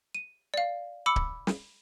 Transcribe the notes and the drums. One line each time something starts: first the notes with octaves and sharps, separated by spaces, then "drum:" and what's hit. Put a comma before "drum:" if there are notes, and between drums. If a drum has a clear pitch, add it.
D#7
D5 F5
B5 D6 E6 C#7
drum: kick D1
drum: snare